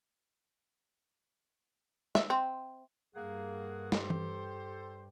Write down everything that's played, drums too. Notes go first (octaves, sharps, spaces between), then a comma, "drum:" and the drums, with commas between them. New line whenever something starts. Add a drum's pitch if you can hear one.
E5, drum: snare
C4
G2 A#3 G#4 F#5
G4 A4 C5, drum: snare
drum: tom E3